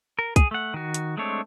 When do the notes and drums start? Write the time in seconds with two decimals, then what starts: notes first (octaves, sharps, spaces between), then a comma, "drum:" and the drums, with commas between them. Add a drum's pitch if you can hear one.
0.19 A#4
0.36 G#4, drum: kick, hi-hat
0.51 A3 F#5
0.74 D#3 F#4
0.94 drum: hi-hat
1.17 G#3 A3 C4 D4 C#5